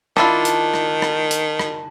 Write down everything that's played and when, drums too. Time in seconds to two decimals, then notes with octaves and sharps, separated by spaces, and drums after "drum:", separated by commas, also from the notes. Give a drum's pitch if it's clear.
0.17 D#3 D4 E4 F4 A5, drum: rim click
0.45 drum: hi-hat
0.74 drum: rim click
1.02 drum: rim click
1.31 drum: hi-hat
1.59 drum: rim click